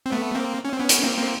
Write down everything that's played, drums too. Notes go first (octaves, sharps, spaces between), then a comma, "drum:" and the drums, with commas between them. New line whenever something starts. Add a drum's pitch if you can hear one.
C4
A3 B3
A#3 C4
C#4
C4
B3 C#4
drum: hi-hat
A#3 C4
A#3 C4